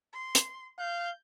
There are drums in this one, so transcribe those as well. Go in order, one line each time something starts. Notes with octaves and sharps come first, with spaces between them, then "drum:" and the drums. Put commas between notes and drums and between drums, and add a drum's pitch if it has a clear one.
C6
drum: hi-hat
F5 G6